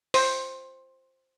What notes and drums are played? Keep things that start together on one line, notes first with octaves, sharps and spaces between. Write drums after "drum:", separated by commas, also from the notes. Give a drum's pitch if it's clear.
C5, drum: open hi-hat